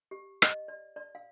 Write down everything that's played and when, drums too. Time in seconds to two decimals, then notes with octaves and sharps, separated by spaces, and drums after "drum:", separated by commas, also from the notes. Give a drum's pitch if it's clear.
0.11 G4
0.42 D#5, drum: rim click
0.68 D5
0.96 D5
1.15 F5